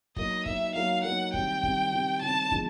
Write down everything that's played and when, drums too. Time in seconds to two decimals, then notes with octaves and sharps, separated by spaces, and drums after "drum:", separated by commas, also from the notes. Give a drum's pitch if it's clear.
0.16 F#3 A#3 D#4 D#5, drum: kick
0.46 F#3 A#3 D#4 E5, drum: kick
0.75 F#3 A#3 D#4 F5
1.04 F#3 A#3 D#4 F#5
1.34 D#3 G3 C4 G5, drum: kick
1.63 D#3 G3 C4, drum: kick
1.92 D#3 G3 C4
2.22 D#3 G3 C4 A5
2.51 D3 F3 G#3 B3 D#4, drum: kick